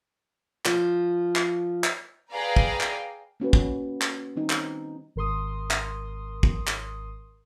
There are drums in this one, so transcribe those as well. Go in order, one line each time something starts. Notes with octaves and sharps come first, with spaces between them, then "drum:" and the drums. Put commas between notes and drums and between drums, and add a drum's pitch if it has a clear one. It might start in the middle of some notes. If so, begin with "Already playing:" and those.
F3, drum: clap
drum: clap
drum: clap
G#4 B4 D5 F5 G5 A#5
drum: kick
drum: clap
A#3 C#4 F#4 B4
drum: kick
drum: clap
D#3 G3 C4 D#4
drum: clap
G#1 A#4 C6 D#6
drum: clap
drum: kick
drum: clap